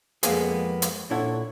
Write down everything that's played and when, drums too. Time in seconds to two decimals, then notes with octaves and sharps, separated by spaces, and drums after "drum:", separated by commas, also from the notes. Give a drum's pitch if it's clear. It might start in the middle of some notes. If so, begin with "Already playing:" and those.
0.23 F2 G#3 A#3 B3 G#4, drum: hi-hat
0.82 drum: hi-hat
1.10 A#2 D4 E4 A4 C#5 F#5